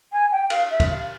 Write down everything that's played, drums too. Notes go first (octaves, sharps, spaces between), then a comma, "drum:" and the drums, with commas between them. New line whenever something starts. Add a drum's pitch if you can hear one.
G#5
G5
F5, drum: cymbal
E5
drum: kick D2, cymbal
F5